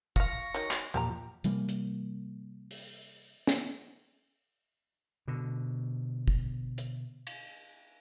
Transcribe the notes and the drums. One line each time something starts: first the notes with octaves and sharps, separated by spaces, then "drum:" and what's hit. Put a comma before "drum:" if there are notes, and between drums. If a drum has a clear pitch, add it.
F4 F5 C#6 A#6, drum: kick
D#3 F#3, drum: hi-hat
drum: clap
E2 A#2 F3 G3 G4 A#5
C3 E3 G3 A#3, drum: hi-hat
drum: hi-hat
drum: open hi-hat
drum: snare
B2 D3
drum: kick
drum: hi-hat
drum: cymbal